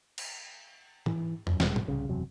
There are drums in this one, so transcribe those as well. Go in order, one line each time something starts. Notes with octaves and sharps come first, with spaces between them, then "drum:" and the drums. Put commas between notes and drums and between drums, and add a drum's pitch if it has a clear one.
drum: cymbal
E3, drum: tom G#2
F#2, drum: tom E2
F1 B2 G3 G#3, drum: snare
drum: tom G#2
C2 C#3
F#1 E2 C3 F#3